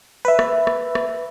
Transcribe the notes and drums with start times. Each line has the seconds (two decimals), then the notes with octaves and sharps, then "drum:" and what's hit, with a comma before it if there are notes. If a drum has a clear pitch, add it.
0.25 B4 E5
0.39 drum: rim click
0.67 drum: rim click
0.95 drum: rim click